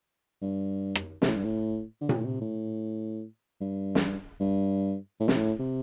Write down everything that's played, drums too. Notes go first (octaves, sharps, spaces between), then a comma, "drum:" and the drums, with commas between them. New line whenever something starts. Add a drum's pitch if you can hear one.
G2
drum: rim click
C3, drum: snare
A2
G2
A2
D3
C3, drum: tom A#2
A2
C3
A2
G2
drum: snare
G2
A2
C3, drum: snare
A2
C3